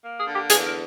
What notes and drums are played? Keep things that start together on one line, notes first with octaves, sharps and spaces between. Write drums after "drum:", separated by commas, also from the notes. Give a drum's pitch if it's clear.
A#3
G#4
D3
G4
E2 G#4, drum: hi-hat
A#4